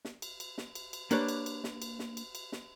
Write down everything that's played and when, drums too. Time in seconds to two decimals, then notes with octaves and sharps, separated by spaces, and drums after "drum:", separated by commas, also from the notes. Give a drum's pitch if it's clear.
0.05 drum: snare
0.22 drum: cymbal
0.40 drum: cymbal
0.58 drum: snare
0.75 drum: cymbal
0.93 drum: cymbal
1.11 A#3 D4 G4 B4 C#5, drum: cymbal
1.28 drum: cymbal
1.46 drum: cymbal
1.64 drum: snare
1.82 drum: cymbal
1.99 drum: snare
2.17 drum: cymbal
2.35 drum: cymbal
2.52 drum: snare